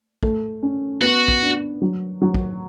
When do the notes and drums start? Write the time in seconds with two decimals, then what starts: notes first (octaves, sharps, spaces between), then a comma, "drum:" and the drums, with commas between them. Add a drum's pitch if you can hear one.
0.23 A3, drum: kick
0.63 C#4
1.02 B3 F#4
1.28 drum: kick
1.42 D4
1.82 F#3
2.22 F#3
2.34 drum: kick